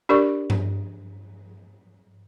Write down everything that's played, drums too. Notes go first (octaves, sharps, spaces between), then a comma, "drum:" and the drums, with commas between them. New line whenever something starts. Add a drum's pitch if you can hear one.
D4 G4 A#4 D5 C#6
drum: tom G2